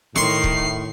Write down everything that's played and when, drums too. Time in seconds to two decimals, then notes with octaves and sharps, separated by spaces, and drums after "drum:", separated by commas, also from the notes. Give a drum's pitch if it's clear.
0.16 A2 D#3 C6 C#6 C7, drum: snare
0.44 drum: kick